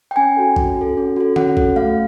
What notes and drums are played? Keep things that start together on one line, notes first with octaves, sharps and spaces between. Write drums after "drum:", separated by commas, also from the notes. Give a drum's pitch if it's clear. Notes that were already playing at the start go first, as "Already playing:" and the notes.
G5
C#4 G#5
F#4 A4
C#4, drum: kick A#1
F#4 A4
C#4
F#4 A4
C#4 F#5, drum: tom D3
F#4 A4, drum: kick A#1
A3 F5